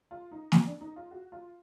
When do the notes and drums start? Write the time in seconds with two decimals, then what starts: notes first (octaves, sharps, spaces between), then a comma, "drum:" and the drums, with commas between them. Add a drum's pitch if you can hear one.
0.11 F4
0.31 D#4
0.52 B3, drum: snare
0.66 D4
0.81 D#4
0.96 F4
1.11 F#4
1.32 F4